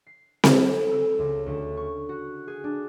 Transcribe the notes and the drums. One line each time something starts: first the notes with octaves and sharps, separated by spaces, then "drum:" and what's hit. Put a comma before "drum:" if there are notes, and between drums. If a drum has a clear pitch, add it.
C7
drum: snare C4
A4
E6
C#2
D2
C#6
F#4
G#4
D4